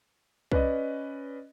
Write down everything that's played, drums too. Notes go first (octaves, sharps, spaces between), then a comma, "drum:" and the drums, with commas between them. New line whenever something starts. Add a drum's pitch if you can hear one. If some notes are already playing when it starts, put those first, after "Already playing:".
C#4 B4 D5 D#5, drum: kick C2